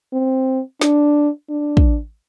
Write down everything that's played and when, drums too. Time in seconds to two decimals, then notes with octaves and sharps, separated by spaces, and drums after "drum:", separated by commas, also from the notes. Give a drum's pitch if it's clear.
0.13 C4
0.81 D4, drum: snare
1.50 D4
1.77 drum: kick